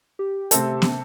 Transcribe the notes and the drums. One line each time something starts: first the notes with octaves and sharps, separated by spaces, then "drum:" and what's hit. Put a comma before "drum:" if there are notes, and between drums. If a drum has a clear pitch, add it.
G4
C3 A3 C4 A4, drum: hi-hat
drum: snare